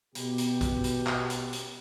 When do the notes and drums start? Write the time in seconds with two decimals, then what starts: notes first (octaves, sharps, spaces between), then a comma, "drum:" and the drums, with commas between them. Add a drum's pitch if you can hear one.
0.15 B2 G4, drum: hi-hat
0.38 drum: hi-hat
0.61 drum: kick A1, hi-hat
0.84 drum: hi-hat
1.07 drum: clap
1.30 drum: hi-hat
1.53 drum: hi-hat